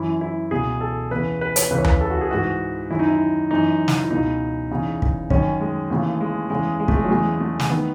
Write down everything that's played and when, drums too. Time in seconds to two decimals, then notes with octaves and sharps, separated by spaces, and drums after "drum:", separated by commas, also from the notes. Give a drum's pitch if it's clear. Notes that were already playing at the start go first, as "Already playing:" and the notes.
Already playing: F#2 E3 E4
0.21 E4
0.51 C#2 B2 G#4
0.81 A4
1.11 E2 C#3 E3 B4
1.41 B4
1.56 C#5, drum: hi-hat
1.71 C#2 C#3 E3 B4
1.78 C#5
1.84 B4, drum: tom D#2
2.01 A4
2.10 F#4
2.21 G#4
2.31 G#2 E3 F#4
2.90 F#2 D#3 E4
2.99 D#4
3.07 E4
3.51 F#2 E3 D#4
3.88 drum: snare
4.04 E4
4.11 C#2 B2 D#4
4.71 E2 C#3 E3
5.02 drum: kick
5.30 F#2 D#3 C#4, drum: kick
5.61 G#3
5.90 D#2 C#3 E3 A3
6.21 G#3
6.50 E2 C#3 E3 G#3
6.80 G#3
6.88 A3, drum: kick
6.97 G#3
7.04 F#3
7.10 E2 C#3 E3 G#3
7.40 A3
7.60 drum: snare
7.70 D#3 B3